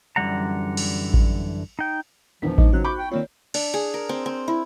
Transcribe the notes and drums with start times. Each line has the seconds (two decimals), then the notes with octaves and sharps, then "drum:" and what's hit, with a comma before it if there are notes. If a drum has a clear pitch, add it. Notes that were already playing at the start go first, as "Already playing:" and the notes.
0.16 F#2 D3 E3 G3 F#5 A#5
0.77 drum: cymbal
1.14 drum: kick A1
1.79 D#4 G5
2.42 A#1 E2 F3 B3 E4 A#4 B6
2.58 G#3 D#4 D#5, drum: kick A1
2.73 C#2 F#3 F#4 C5 F#6
2.84 B5 C#6 D6 G6
2.99 G5
3.11 D#3 A#3 C4 F4 C#5 D5
3.54 D4, drum: cymbal
3.74 G#4
3.94 A#4
4.09 C4
4.26 C4
4.48 E4